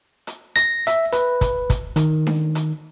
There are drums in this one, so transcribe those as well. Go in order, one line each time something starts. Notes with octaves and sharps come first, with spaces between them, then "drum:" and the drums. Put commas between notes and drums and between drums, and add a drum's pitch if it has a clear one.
drum: hi-hat
A#6, drum: hi-hat
E5, drum: hi-hat
B4, drum: hi-hat
drum: kick, hi-hat
drum: kick, hi-hat
D#3, drum: hi-hat
drum: snare D4
drum: hi-hat